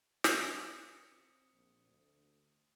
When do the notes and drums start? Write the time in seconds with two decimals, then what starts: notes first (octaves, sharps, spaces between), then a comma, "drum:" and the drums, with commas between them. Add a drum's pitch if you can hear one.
0.24 C4, drum: snare
0.76 D#6 C#7
1.53 A#1
1.88 D2